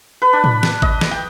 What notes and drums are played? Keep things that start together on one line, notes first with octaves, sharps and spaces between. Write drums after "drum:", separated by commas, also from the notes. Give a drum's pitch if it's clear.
B4
D4
drum: tom A2
drum: snare
D#5, drum: kick G#1
drum: snare
G5